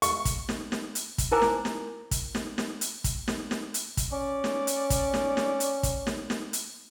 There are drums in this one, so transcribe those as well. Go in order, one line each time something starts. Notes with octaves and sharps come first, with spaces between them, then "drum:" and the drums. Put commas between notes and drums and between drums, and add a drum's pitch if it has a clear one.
C#6, drum: hi-hat
drum: kick, hi-hat
drum: snare
drum: snare
drum: hi-hat
drum: kick, hi-hat
E4 A#4 C5 G#5 A#5 D6
drum: snare
drum: snare
drum: kick, hi-hat
drum: snare
drum: snare
drum: hi-hat
drum: kick, hi-hat
drum: snare
drum: snare
drum: hi-hat
drum: kick, hi-hat
C#4 D5
drum: snare
drum: hi-hat
drum: kick, hi-hat
drum: snare
drum: snare
drum: hi-hat
drum: kick, hi-hat
drum: snare
drum: snare
drum: hi-hat